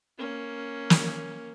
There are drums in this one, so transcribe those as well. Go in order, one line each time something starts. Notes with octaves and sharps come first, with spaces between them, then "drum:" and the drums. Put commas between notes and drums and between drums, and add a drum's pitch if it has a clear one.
A#3 C#4
drum: snare